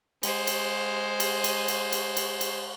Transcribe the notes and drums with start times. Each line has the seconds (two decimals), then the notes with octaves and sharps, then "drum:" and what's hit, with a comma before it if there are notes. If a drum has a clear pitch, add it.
0.23 G#3 C5, drum: cymbal
0.47 drum: cymbal
1.20 drum: cymbal
1.44 drum: cymbal
1.68 drum: cymbal
1.92 drum: cymbal
2.17 drum: cymbal
2.41 drum: cymbal